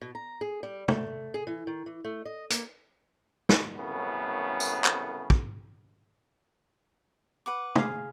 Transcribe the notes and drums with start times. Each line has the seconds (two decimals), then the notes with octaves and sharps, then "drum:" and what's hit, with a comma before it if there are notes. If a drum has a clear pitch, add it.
0.01 B2
0.15 A#5
0.41 G#4
0.63 G3
0.88 A3, drum: tom
1.34 G#4
1.47 E3
1.67 D#3
1.86 E3
2.04 A3
2.25 D#5
2.50 A#3, drum: hi-hat
3.49 drum: snare
3.77 C2 F#2 A2 C#3 A3 B3
4.60 drum: tambourine
4.84 drum: clap
5.30 drum: kick
7.46 B4 F#5 D6
7.75 G#4 F5, drum: tom